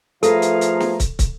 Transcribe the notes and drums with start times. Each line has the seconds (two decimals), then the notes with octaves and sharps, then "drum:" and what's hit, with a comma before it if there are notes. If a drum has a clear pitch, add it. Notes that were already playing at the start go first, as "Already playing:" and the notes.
0.23 F3 A3 E4 G#4 A4 B4 F5 A#5, drum: hi-hat
0.42 drum: hi-hat
0.61 drum: hi-hat
0.80 drum: snare
1.00 drum: kick, hi-hat
1.19 drum: kick, hi-hat